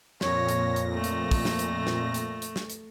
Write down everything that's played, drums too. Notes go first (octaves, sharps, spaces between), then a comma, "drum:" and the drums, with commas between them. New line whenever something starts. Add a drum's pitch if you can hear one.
F2 A#2 C#5 A#6, drum: snare
drum: hi-hat
drum: hi-hat
A3
drum: hi-hat
drum: kick, open hi-hat
drum: snare
drum: hi-hat
drum: snare
drum: hi-hat
drum: hi-hat
drum: snare
drum: hi-hat